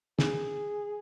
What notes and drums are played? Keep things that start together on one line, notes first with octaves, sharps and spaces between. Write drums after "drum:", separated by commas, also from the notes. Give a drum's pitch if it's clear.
G#4, drum: snare